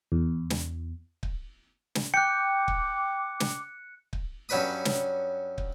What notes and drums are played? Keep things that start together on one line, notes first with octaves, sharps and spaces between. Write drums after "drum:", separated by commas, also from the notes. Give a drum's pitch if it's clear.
E2
drum: snare
drum: kick
drum: snare
G5 D6 F#6 C#7
drum: kick
drum: snare
drum: kick
G2 F#3 C#4 B4 B5 D#6
drum: snare
drum: kick